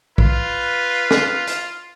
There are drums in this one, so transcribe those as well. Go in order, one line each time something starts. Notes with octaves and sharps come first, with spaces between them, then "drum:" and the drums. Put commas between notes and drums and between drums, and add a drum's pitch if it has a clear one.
F4 B4, drum: kick
drum: snare
drum: hi-hat